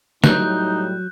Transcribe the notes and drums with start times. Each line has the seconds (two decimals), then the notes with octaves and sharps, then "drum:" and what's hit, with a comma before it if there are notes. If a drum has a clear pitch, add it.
0.24 A2 F#3 G3 D#4 F#6 G6, drum: snare